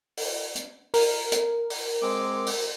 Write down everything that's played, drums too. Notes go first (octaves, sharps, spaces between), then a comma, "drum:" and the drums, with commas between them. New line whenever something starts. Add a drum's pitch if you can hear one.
drum: open hi-hat
drum: hi-hat
A#4, drum: open hi-hat
drum: hi-hat
drum: open hi-hat
G#3 C4 D6
drum: open hi-hat